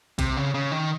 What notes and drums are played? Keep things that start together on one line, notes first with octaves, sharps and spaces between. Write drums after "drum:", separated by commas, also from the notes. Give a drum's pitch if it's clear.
C3, drum: kick A#1, hi-hat
C#3
C#3
D#3